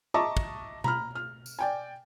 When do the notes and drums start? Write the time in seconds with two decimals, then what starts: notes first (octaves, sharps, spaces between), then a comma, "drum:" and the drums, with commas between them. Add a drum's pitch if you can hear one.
0.14 D#5 E5 A5 A#5 C#6 D6
0.37 drum: kick
0.84 A#5 B5 F6, drum: tom B2
1.15 F6
1.46 drum: tambourine
1.59 D5 G5 G#5